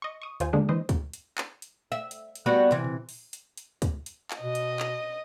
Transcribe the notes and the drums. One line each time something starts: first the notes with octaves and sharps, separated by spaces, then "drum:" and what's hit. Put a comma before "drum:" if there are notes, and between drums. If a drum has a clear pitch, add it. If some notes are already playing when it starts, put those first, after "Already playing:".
D#5 C#6
C#6 D#6
D#2 F4 C5 G#5, drum: hi-hat
D3 D#3 G#3 A#3 D4
E3 C5 D#5
drum: kick, hi-hat
drum: hi-hat
drum: clap
drum: hi-hat
E5
drum: hi-hat
drum: hi-hat
G3 B3 F#4
C3 E3
drum: tom A#2
drum: open hi-hat
drum: hi-hat
drum: hi-hat
drum: kick, hi-hat
drum: hi-hat
drum: clap
B2 D#5
drum: hi-hat
drum: clap